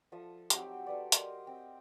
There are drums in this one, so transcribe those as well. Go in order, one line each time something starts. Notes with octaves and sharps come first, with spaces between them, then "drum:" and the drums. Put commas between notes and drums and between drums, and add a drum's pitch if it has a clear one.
F3 A4 E5 D#6
F#3 C4 D#4 G4, drum: hi-hat
A4 B4 D5
A#4 D#5 C6, drum: hi-hat
C4 G5